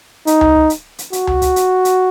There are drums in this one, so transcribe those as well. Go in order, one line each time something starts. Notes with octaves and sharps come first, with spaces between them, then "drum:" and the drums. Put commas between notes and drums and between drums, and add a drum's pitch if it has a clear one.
D#4, drum: hi-hat
drum: tom C#2
drum: kick
drum: hi-hat
drum: hi-hat
F#4, drum: hi-hat
drum: tom C#2
drum: kick, hi-hat
drum: hi-hat
drum: hi-hat